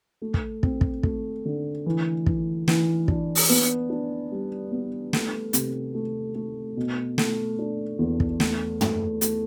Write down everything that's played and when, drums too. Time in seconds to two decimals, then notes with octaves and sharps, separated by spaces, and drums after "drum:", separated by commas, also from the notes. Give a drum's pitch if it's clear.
0.22 A3
0.34 drum: kick
0.63 C4, drum: kick
0.81 drum: kick
1.03 A3, drum: kick
1.45 D3
1.86 E3
2.26 E3, drum: kick
2.68 E3, drum: snare
3.08 D4, drum: kick
3.35 drum: open hi-hat
3.49 B3
3.90 D4
4.32 G3
4.71 B3
5.13 A3, drum: snare
5.53 C3, drum: hi-hat
5.94 A3
6.35 A3
6.77 B2
7.18 A3, drum: snare
7.59 D4
7.99 E2
8.20 drum: kick
8.40 A3, drum: snare
8.81 A3, drum: tom
9.21 A3, drum: hi-hat